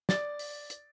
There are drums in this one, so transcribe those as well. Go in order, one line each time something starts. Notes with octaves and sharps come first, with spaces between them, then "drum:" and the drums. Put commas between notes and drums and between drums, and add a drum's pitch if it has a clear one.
D5 A6, drum: snare
drum: open hi-hat
drum: hi-hat